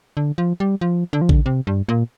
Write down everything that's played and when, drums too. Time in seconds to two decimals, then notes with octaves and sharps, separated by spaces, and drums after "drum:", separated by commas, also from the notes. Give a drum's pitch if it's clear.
0.17 D3
0.38 F3
0.60 G3
0.81 F3
1.13 D3
1.21 F3
1.29 D3, drum: kick A1
1.46 C3
1.67 G2
1.89 A#2